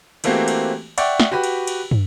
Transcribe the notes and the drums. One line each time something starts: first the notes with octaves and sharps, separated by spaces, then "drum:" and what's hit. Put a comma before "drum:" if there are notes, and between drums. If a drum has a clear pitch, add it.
E3 A3 A#3 C4 F#4 G4, drum: cymbal
drum: cymbal
D5 E5 F#5 G5 C#6, drum: cymbal
drum: snare
F#4 G4 B4 B5
drum: cymbal
drum: cymbal
drum: tom